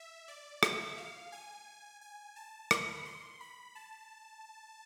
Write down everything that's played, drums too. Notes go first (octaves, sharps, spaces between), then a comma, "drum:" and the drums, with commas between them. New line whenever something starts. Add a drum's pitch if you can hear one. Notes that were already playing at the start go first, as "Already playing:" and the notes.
Already playing: E5
D5
E5, drum: rim click
F5
G#5
G#5
A5
B5, drum: rim click
C6
B5
A5